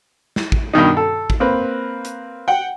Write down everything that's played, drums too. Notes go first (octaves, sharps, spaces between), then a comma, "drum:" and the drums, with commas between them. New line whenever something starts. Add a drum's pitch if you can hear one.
drum: snare
drum: kick
G2 B2 D#3 D#4
A4
drum: kick
A#3 C4 B4
drum: hi-hat
F#5 G5